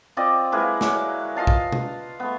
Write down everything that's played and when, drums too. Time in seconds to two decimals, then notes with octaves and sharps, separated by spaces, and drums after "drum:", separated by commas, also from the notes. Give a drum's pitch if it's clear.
0.17 C4 F4 D5 D#5
0.52 G#3 A#3 E4 B4
0.81 F#3 G#3 D6, drum: snare
1.36 F4 D#5 F5 A5
1.47 drum: kick
1.72 drum: tom B2
2.20 A3 B3